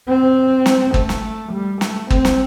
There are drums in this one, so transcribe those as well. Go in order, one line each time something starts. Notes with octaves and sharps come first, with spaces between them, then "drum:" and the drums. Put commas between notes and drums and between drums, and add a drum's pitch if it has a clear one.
C4
drum: snare
A3, drum: kick
drum: snare
G3
A3, drum: snare
C4, drum: kick
drum: snare